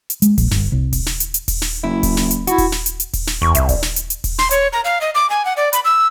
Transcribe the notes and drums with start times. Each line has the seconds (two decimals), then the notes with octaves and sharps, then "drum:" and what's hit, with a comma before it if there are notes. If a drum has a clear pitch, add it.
0.10 drum: hi-hat
0.22 G#3, drum: hi-hat
0.38 A#1, drum: kick D#1, open hi-hat
0.51 G1, drum: snare
0.72 C2
0.93 drum: kick D#1, open hi-hat
1.06 drum: snare
1.20 drum: hi-hat
1.34 drum: hi-hat
1.48 drum: kick D#1, open hi-hat
1.62 drum: snare
1.83 F#1 E4
2.03 drum: kick D#1, open hi-hat
2.17 drum: snare
2.31 drum: hi-hat
2.47 E4 F#4, drum: hi-hat
2.58 drum: kick D#1, open hi-hat
2.72 drum: snare
2.86 drum: hi-hat
3.00 drum: hi-hat
3.13 drum: kick D#1, open hi-hat
3.27 drum: snare
3.42 E2 C#6
3.55 C2 E5, drum: hi-hat
3.69 D5, drum: kick D#1, open hi-hat
3.82 drum: snare
3.96 drum: hi-hat
4.10 drum: hi-hat
4.24 drum: kick D#1, open hi-hat
4.39 C6, drum: snare
4.51 C#5, drum: hi-hat
4.73 A#5
4.85 F5
5.01 D#5
5.15 D6
5.30 G#5
5.45 F#5
5.57 D5
5.73 B5, drum: hi-hat
5.85 E6